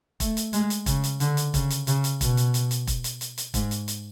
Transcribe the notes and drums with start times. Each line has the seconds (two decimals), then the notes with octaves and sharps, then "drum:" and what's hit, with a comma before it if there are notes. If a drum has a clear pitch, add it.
0.20 A3, drum: kick E1, hi-hat
0.37 drum: hi-hat
0.53 G#3, drum: hi-hat
0.70 drum: hi-hat
0.86 C#3, drum: kick E1, hi-hat
1.04 drum: hi-hat
1.20 D3, drum: hi-hat
1.37 drum: hi-hat
1.54 C#3, drum: kick E1, hi-hat
1.70 drum: hi-hat
1.87 C#3, drum: hi-hat
2.04 drum: hi-hat
2.21 B2, drum: kick E1, hi-hat
2.37 drum: hi-hat
2.54 drum: hi-hat
2.71 drum: hi-hat
2.87 drum: kick E1, hi-hat
3.04 drum: hi-hat
3.21 drum: hi-hat
3.38 drum: hi-hat
3.54 G#2, drum: kick E1, hi-hat
3.71 drum: hi-hat
3.88 drum: hi-hat